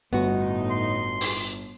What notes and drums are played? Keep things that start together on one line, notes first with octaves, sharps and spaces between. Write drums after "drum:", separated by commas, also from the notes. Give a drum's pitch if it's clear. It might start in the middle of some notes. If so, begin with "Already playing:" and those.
G1 A2 B3 D#4 F#4
C6
drum: open hi-hat